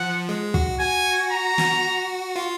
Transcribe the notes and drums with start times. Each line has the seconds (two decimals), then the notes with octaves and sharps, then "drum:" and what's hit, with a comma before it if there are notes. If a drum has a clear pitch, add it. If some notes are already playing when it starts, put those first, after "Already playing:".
Already playing: F3 F#5
0.29 G#3
0.54 F#4, drum: kick
0.80 F#4 G#5
1.32 A#5
1.58 drum: snare
2.36 F4